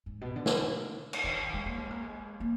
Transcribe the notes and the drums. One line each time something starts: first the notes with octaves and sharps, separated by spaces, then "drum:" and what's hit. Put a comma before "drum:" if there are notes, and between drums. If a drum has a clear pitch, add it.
G#2
B2
D3
drum: snare
drum: cymbal
D#3
G#3
A#3
G#3
A#3
G#3
A#3